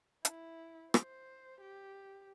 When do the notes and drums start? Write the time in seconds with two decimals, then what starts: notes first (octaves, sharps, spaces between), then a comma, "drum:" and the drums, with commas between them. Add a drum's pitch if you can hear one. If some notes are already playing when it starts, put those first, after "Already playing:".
0.25 E4, drum: hi-hat
0.94 C5, drum: rim click
1.61 G4